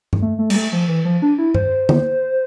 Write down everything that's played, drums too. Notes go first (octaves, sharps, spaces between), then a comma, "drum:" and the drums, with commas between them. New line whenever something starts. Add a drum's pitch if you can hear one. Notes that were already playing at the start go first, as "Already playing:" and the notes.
drum: tom G2
A3
A3
G3, drum: cymbal
A3
F3
E3
F3
D4
E4
C5, drum: tom G2
drum: tom D3